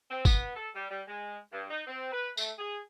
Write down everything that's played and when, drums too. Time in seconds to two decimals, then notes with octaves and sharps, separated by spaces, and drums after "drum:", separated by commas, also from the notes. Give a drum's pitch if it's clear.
0.11 C4
0.25 B3, drum: kick, tambourine
0.56 A4
0.75 G3
0.91 G3
1.07 G#3
1.52 G2
1.71 D#4
1.87 C4
2.12 B4
2.37 A3, drum: tambourine
2.58 G#4